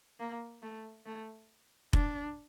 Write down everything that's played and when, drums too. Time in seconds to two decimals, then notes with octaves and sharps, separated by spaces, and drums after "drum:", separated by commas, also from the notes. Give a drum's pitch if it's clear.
0.20 A#3
0.62 A3
1.06 A3
1.93 D4, drum: kick F1